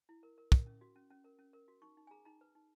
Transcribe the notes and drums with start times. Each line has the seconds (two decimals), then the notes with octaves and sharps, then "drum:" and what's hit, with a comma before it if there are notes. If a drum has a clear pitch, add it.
0.09 E4
0.23 A#4
0.38 A#4
0.52 A#4, drum: kick
0.66 C#4
0.81 F#4
0.96 C#4
1.10 C#4
1.24 A#4
1.39 C#4
1.53 A#4
1.68 F#4
1.82 D#4 C#6
1.97 D#4
2.07 G#5
2.11 G#4 A#5
2.25 D#4 A#5
2.41 B4
2.55 D#4